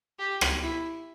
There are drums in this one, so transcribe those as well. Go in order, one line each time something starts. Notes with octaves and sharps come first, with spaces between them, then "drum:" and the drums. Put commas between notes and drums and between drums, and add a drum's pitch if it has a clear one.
G4
drum: rim click
E4